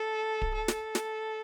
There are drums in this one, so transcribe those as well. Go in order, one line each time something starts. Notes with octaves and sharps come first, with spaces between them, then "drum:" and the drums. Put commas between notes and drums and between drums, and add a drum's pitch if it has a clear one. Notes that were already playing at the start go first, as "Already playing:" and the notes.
Already playing: A4
drum: kick D1
A4
drum: snare
drum: snare